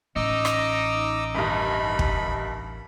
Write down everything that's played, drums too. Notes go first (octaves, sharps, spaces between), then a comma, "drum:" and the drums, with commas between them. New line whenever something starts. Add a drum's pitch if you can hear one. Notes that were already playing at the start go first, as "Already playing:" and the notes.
A1 D#4 D#5 D6 E6
drum: rim click
G1 D#2 B5
drum: kick